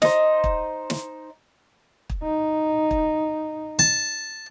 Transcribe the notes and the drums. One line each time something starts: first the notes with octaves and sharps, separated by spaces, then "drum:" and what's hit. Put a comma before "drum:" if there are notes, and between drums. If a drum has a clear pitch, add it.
D#4 C5, drum: snare
drum: kick
drum: snare
drum: kick
D#4
drum: kick
A5